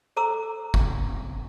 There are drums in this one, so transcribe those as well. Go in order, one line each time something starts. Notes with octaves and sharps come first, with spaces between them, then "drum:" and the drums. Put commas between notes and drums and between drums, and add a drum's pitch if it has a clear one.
A4 C5 A#5 D6 E6
drum: kick